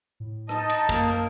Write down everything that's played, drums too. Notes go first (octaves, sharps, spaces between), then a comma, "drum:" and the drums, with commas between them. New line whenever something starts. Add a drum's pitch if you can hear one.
A2
D#4 D#5 A5, drum: rim click
drum: cymbal
F#2 A#3, drum: kick, cymbal
drum: rim click